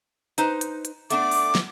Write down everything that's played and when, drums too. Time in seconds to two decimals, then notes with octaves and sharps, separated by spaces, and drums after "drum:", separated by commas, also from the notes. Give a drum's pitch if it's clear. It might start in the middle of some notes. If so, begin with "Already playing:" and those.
0.38 D#4 B4 C5, drum: hi-hat
0.61 drum: hi-hat
0.85 drum: hi-hat
1.10 A3 B3 D4 D6, drum: hi-hat
1.32 drum: open hi-hat
1.55 drum: snare